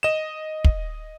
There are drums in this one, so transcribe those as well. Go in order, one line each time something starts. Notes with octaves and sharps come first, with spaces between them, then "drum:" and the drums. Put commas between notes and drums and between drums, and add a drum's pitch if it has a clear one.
D#5 E7
drum: kick